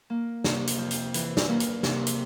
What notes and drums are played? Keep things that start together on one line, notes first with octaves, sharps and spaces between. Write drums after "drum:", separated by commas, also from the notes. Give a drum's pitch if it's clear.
A#3
C3, drum: snare
drum: hi-hat
F2
drum: hi-hat
E3, drum: hi-hat
drum: snare
A#3
drum: hi-hat
C3, drum: snare
drum: hi-hat